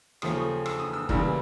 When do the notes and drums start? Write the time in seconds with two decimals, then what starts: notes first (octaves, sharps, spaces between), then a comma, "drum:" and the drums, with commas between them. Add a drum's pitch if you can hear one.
0.22 D#2 C#3 F3 A3 C#4 D#6, drum: rim click
0.66 E6, drum: rim click
0.79 D#6
0.93 E6
1.09 D2 C#3 E3 G3 A#3 E6, drum: kick